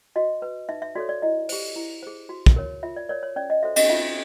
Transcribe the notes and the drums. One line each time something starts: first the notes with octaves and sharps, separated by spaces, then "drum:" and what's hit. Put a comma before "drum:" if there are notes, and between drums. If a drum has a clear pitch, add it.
F#4 D#5
B4
D#4 E5
E5
F#4 A4 C#5 D5
D5
E4 D#5
G4 C5, drum: open hi-hat
E4
G#4 C5
F#4
drum: kick
A#4 C#5
F4 E5
D5
A#4 C#5 D5
C#5
C#4 D5
D#5
F#4 A4 C5 E5
D#5, drum: cymbal
F4 E5